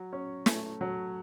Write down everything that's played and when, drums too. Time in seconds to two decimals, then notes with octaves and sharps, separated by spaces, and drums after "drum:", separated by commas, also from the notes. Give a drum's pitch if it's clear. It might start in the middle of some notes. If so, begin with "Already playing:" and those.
Already playing: F#3
0.13 C#4
0.46 A3, drum: snare
0.81 F#3